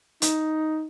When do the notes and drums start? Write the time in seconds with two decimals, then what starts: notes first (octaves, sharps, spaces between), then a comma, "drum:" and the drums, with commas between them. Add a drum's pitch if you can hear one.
0.22 D#4, drum: hi-hat